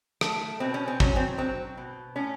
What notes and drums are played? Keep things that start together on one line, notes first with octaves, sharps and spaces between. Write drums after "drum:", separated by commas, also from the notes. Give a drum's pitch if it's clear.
A3, drum: rim click
B2 C4
C#4
C4
F#3 C#4, drum: kick
C4
F#3 C4
B2
A2 C#4